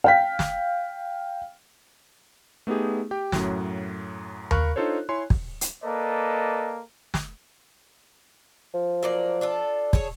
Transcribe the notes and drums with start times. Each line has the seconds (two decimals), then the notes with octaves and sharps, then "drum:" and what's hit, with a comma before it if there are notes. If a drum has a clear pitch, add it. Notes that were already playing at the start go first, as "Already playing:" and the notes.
0.04 F5 G5 B6
0.39 drum: snare
2.67 A3 B3 D#4 G4 G#4
3.11 G4 G5
3.32 F#2 A2 F#3, drum: snare
4.51 A#4 F5 B5 C#6 F#6, drum: tom D#2
4.76 D4 D#4 F4 A4 C5 C#5
5.09 E4 C#5 G#5 C6
5.30 drum: kick
5.61 drum: hi-hat
5.83 A#3 A4 B4 D5 D#5
7.14 drum: snare
8.74 F3
9.03 F#3 A#3 D5
9.41 D4 F4 A4
9.93 G#4 A4 C#5, drum: kick